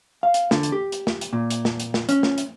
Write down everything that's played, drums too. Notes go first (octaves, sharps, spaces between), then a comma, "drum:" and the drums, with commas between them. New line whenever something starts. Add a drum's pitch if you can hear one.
F5
drum: hi-hat
D3, drum: snare
drum: hi-hat
G4
drum: hi-hat
drum: snare
drum: hi-hat
A#2
drum: hi-hat
drum: snare
drum: hi-hat
drum: snare
C#4, drum: hi-hat
drum: snare
drum: hi-hat